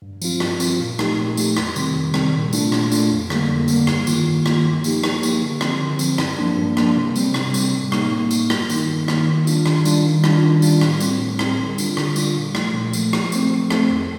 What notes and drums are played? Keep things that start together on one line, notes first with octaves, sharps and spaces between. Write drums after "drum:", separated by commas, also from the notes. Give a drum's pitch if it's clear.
G2
F3 C4 F4, drum: tambourine
G2, drum: rim click
F3 C4 F4, drum: tambourine
A#2
F3 A3 D#4 G4, drum: rim click
A#2
F3 A3 D#4 G4, drum: tambourine
F2, drum: rim click
C3 D#3 G3 C4, drum: tambourine
F2
C3 D#3 G3 C4, drum: rim click
A#2
A3 D4 F4, drum: tambourine
A#2, drum: rim click
A3 D4 F4, drum: tambourine
F2
D3 G3 A#3, drum: rim click
F2
D3 G3 A#3, drum: tambourine
G2, drum: rim click
D#3 A#3 F4, drum: tambourine
G2
D#3 A#3 F4, drum: rim click
G2
F3 A#3 D#4 G4, drum: tambourine
G2, drum: rim click
F3 A#3 D#4 G4, drum: tambourine
D3
F3 C4, drum: rim click
D3
F3 C4, drum: tambourine
G2, drum: rim click
F3 A#3 D4
G2
F3 A#3 D4, drum: rim click
C3
G3 C4, drum: tambourine
C3, drum: rim click
G3 C4, drum: tambourine
A2
G3 A#3 D#4, drum: rim click
A2
G3 A#3 D#4, drum: tambourine
G2, drum: rim click
D#3 A#3 D#4, drum: tambourine
G2
D#3 A#3 D#4, drum: rim click
D#3
G3 D4 F4, drum: tambourine
D#3, drum: rim click
G3 D4 F4, drum: tambourine
D#3
G3 D4 F4, drum: rim click
D#3
G3 D4 F4, drum: tambourine
A2, drum: rim click
G3 C4, drum: tambourine
A2
G3 C4, drum: rim click
D3
G3 D4 F4, drum: tambourine
D3, drum: rim click
G3 D4 F4, drum: tambourine
A#2
F3 A3, drum: rim click
A#2
F3 A3, drum: tambourine
F3, drum: rim click
A3 C4, drum: tambourine
F3
A3 C4, drum: rim click
F2